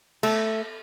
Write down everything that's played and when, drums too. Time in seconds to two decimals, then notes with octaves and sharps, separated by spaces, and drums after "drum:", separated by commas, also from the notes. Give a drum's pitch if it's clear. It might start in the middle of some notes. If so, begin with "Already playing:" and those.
0.23 A3, drum: cymbal